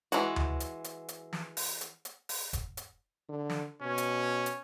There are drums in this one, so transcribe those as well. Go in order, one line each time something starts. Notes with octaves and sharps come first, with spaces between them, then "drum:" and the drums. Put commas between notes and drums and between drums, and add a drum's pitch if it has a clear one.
E3 F#3 G#3 F#4, drum: hi-hat
drum: tom D2
drum: hi-hat
drum: hi-hat
drum: hi-hat
drum: snare
drum: open hi-hat
drum: hi-hat
drum: hi-hat
drum: open hi-hat
drum: kick E1, hi-hat
drum: hi-hat
D3
drum: snare
B2 C#4
drum: hi-hat
drum: hi-hat